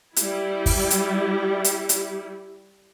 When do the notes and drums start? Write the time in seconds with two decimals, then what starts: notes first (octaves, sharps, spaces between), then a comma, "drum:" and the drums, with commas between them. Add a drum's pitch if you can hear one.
0.16 G3 E4, drum: hi-hat
0.66 drum: kick, open hi-hat
0.90 drum: hi-hat
1.64 drum: hi-hat
1.89 drum: hi-hat